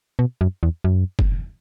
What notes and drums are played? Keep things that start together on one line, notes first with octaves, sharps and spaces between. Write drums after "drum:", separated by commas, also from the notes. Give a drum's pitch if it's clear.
B2
F#2
E2
F#2
drum: kick